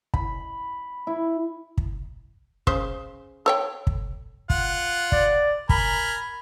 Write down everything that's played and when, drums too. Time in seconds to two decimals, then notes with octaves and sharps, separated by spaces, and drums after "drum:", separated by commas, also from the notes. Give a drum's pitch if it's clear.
0.14 B5, drum: kick
1.07 E4
1.78 drum: kick
2.67 C#3 C5, drum: kick
3.46 A4 C#5 G5
3.87 drum: kick
4.50 F4 F#5, drum: kick
5.12 D5, drum: kick
5.69 A#4 G#5 B5, drum: kick